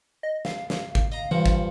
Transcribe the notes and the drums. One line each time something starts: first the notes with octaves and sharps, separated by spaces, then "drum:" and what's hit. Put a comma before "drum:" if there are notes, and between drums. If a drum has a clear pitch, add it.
D#5
F5, drum: snare
drum: snare
drum: kick G#1
D#5 A#5
G2 E3 F3 F#5
drum: kick G#1